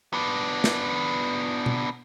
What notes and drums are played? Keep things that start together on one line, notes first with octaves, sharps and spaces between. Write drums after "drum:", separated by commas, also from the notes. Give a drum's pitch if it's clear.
B3 D4
drum: snare
drum: tom B2